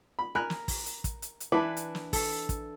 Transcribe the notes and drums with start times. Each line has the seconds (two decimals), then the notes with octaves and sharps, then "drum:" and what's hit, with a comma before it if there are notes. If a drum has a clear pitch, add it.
0.19 B5
0.35 A#4 G#5 B5 F#6
0.50 drum: snare
0.68 drum: kick, open hi-hat
0.86 drum: hi-hat
1.04 drum: kick, hi-hat
1.22 drum: hi-hat
1.40 drum: hi-hat
1.52 E3 D4 E4 B4 D6
1.77 drum: hi-hat
1.95 drum: snare
2.13 A4, drum: kick, open hi-hat
2.49 drum: kick, hi-hat